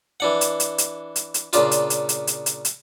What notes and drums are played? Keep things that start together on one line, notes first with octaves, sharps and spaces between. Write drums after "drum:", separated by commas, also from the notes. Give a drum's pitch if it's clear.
E3 D4 F#5
drum: hi-hat
drum: hi-hat
drum: hi-hat
drum: hi-hat
drum: hi-hat
A#2 C#3 D4 F4, drum: hi-hat
drum: hi-hat
drum: hi-hat
drum: hi-hat
drum: hi-hat
drum: hi-hat
drum: hi-hat